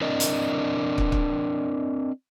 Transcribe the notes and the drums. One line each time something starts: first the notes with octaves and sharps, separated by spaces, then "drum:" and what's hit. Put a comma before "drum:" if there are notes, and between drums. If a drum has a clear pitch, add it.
C4 D4 A#4 D5 D#5
drum: hi-hat
drum: kick
drum: kick